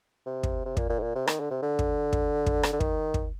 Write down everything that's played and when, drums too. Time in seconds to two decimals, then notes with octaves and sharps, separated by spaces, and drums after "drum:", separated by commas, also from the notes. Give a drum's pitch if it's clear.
0.26 C3
0.43 drum: kick
0.65 C3
0.77 A#2, drum: kick
0.89 A#2
0.99 G#2
1.03 A#2
1.16 C3
1.27 D#3, drum: rim click
1.40 D3
1.51 C3
1.62 D3
1.79 drum: kick
2.13 drum: kick
2.46 drum: kick
2.63 drum: rim click
2.73 D3
2.80 D#3, drum: kick
3.14 drum: kick